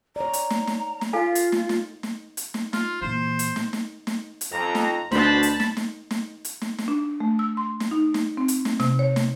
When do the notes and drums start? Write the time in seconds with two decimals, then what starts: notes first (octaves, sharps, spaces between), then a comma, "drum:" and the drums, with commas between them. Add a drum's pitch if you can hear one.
0.16 C#5 D5 A#5
0.33 drum: hi-hat
0.50 drum: snare
0.67 drum: snare
1.01 drum: snare
1.13 F4 A4 F5 G#5
1.35 drum: hi-hat
1.52 drum: snare
1.69 drum: snare
2.03 drum: snare
2.37 drum: hi-hat
2.54 drum: snare
2.73 F4, drum: snare
3.02 A#2 E3 C5
3.39 drum: hi-hat
3.56 drum: snare
3.73 drum: snare
4.07 drum: snare
4.41 drum: hi-hat
4.52 F2 A#5
4.75 drum: snare
5.12 D2 B2 D4 C5 A5 B5, drum: snare
5.43 drum: hi-hat
5.60 drum: snare
5.77 drum: snare
6.11 drum: snare
6.45 drum: hi-hat
6.61 drum: snare
6.78 drum: snare
6.88 D4
7.20 A3
7.39 E6
7.57 C6
7.80 drum: snare
7.91 D#4
8.14 drum: snare
8.37 C4
8.48 drum: hi-hat
8.65 drum: snare
8.80 C3, drum: snare
8.99 C#5
9.16 drum: snare